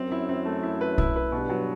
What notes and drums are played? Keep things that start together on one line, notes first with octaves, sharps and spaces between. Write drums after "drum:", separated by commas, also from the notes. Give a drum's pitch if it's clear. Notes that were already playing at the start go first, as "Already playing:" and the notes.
Already playing: F#2 C4
E4
C4
A3
E4
B4
E4, drum: kick B1
B4
G2 B2
F#3